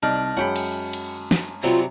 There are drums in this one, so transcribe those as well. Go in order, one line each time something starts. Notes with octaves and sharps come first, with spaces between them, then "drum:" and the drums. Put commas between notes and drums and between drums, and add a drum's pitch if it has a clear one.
C2 D#4 D5 A5 F6
F#2 G#3 C#5 F#5 G5 B5
drum: cymbal
drum: cymbal
drum: snare
C3 F#3 G3 F4